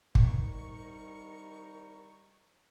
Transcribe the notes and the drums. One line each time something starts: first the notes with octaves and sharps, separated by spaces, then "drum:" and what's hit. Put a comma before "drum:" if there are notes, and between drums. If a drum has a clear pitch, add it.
C2 D#3 G3 D#4 A#5 C#6, drum: kick